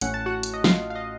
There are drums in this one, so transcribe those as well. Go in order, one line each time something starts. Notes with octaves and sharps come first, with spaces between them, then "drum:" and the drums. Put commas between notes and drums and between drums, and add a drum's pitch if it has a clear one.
A1 A2 A3 C#4 F#5, drum: hi-hat
A5
F#4 F#5
drum: hi-hat
D#5
F4 F5, drum: snare
F5
D#5